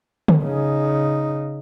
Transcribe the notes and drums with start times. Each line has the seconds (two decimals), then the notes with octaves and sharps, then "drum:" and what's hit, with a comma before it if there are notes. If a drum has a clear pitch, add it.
0.28 drum: tom D3
0.42 C#3 D#4